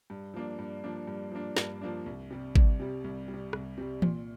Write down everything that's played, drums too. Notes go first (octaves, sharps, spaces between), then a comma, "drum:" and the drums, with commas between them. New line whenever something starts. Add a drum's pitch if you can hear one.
G2
F3 A#3 D4
G2
F3 A#3 D4
G2
F3 A#3 D4
G2, drum: snare
F3 A#3 D4
C2
C3 G3
C2, drum: kick G#1
C3 G3
C2
G3
C3
C2, drum: rim click
C3 G3
A#2, drum: tom E3